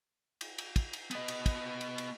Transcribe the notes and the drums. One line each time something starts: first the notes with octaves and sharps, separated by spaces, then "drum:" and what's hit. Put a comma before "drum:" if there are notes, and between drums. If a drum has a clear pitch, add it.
drum: cymbal
drum: cymbal
drum: kick, cymbal
drum: cymbal
B3 D#5, drum: cymbal
drum: cymbal
drum: kick, cymbal
drum: cymbal
drum: cymbal